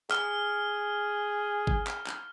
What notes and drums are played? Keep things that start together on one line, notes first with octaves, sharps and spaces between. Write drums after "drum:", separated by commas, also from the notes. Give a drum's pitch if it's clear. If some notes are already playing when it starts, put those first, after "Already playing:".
G#4 F6, drum: clap
drum: kick G#1
drum: clap
drum: clap